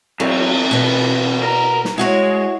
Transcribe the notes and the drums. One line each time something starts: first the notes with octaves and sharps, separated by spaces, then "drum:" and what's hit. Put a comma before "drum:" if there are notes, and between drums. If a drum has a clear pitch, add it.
E2 F#3 C4, drum: cymbal
B2 B3
A#4 A#5
drum: snare
G#3 E4 F#4 C#5